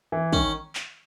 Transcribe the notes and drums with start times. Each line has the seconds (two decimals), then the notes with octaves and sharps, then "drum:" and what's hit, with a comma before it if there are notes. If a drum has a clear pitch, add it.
0.12 E3
0.33 D#3 C#4, drum: kick
0.75 drum: clap